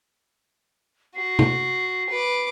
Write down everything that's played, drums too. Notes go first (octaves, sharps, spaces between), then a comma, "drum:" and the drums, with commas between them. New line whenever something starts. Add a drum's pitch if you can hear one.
F#4 C7
drum: tom C3
B4 D6